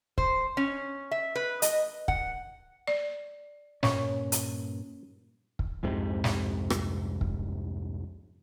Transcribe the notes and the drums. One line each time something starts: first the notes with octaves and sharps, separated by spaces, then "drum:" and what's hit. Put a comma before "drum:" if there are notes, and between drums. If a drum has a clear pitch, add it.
C5, drum: kick
C#4
E5
B4
D#5, drum: hi-hat
F#5, drum: kick
D5
G2 A#2 C#4 C#5, drum: snare
drum: hi-hat
drum: kick
C2 F2 G#2 C3
drum: snare
drum: rim click
drum: kick